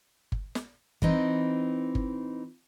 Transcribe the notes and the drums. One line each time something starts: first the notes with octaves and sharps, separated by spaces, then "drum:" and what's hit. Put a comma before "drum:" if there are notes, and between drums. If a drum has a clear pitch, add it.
drum: kick G1
drum: snare
E3 C4 D#4, drum: kick G1
drum: kick G1